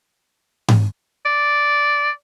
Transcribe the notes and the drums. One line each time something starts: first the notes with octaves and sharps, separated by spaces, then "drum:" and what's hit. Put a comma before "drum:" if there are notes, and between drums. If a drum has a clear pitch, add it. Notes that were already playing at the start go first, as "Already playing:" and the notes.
drum: tom G#2
D5